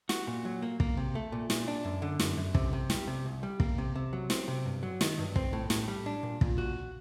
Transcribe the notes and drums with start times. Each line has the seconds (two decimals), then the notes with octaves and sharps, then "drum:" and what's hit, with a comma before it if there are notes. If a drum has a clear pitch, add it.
0.09 F#4, drum: snare
0.27 A#2
0.45 F#3
0.62 A#3
0.80 A#3, drum: kick
0.97 C3
1.15 A3
1.32 A#2
1.50 A#2, drum: snare
1.68 D4
1.85 F#2
2.02 D3
2.19 F#2, drum: snare
2.37 F#2
2.55 C3, drum: kick
2.73 C3
2.90 G3, drum: snare
3.07 C3
3.26 C2
3.43 G3
3.60 A#3, drum: kick
3.78 C3
3.96 C3
4.13 F#3
4.30 C4, drum: snare
4.48 C3
4.66 G2
4.83 F#3
5.01 D#3, drum: snare
5.18 G2
5.36 C4, drum: kick
5.53 A2
5.70 A2, drum: snare
5.88 G3
6.06 D4
6.23 A#2
6.41 A#2, drum: kick
6.58 F#4